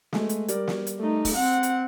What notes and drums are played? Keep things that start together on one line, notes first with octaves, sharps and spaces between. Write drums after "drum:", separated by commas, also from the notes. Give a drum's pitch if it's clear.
G#3 A3, drum: snare
drum: hi-hat
G3 A#4 D5, drum: hi-hat
drum: snare
drum: hi-hat
A3 D#4
drum: kick, open hi-hat
C4 F#5
drum: hi-hat